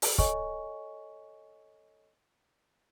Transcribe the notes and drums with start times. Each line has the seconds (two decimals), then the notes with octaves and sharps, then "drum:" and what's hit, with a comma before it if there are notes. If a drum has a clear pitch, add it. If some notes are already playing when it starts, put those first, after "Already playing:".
0.02 drum: open hi-hat
0.18 A4 C#5 D#5 G#5 C#6, drum: kick